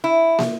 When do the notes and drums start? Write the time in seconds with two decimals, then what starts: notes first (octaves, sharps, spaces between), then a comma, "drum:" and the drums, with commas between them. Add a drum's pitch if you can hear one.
0.04 E4
0.39 drum: snare